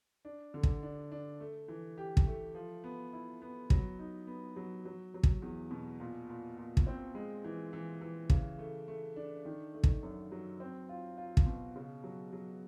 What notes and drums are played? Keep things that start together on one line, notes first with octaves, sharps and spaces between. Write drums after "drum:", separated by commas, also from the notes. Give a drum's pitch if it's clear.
D4
D3
drum: kick
D4
D4
A3
E3
G4
drum: kick
A3
F3
B3
E4
B3
F#3, drum: kick
D#4
B3
F#3
F#3
F#3
drum: kick
E2
B2
A#2
A#2
A#2
drum: kick
C4
G#3
E3
E3
E3
C#3, drum: kick
A3
A3
D4
D#3
A3
drum: kick
F#2
F#3
C4
F4
F4
drum: kick
B2
C#3
F#3
F#3